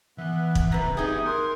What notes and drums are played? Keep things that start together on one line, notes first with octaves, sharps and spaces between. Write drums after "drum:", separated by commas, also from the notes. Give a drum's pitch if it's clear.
E3 B3 E5 F#6
drum: kick
C#2 C3 C4 B4 A#5
B3 D#4 G4 G#4 E5 G#5 D#6
A#4 C6 F#6